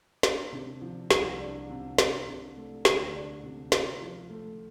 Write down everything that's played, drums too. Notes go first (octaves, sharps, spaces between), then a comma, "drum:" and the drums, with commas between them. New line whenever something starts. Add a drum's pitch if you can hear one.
D4, drum: snare
C3
F3
C2, drum: snare
D4
C3
D4, drum: snare
C3
A3
D2, drum: snare
D4
C3
F4, drum: snare
F3
A3